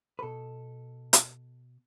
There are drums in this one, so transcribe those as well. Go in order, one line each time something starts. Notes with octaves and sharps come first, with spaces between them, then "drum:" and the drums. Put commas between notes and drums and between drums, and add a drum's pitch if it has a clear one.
B4
B2 A4
drum: hi-hat